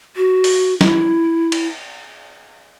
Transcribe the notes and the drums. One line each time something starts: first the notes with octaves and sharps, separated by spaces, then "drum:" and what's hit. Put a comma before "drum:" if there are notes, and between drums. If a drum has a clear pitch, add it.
F#4
drum: open hi-hat
E4, drum: snare
drum: cymbal